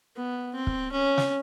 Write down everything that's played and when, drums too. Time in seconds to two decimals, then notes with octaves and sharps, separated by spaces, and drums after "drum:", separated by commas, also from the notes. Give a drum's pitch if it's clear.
0.16 B3
0.54 C4
0.67 drum: kick
0.92 C#4
1.18 drum: snare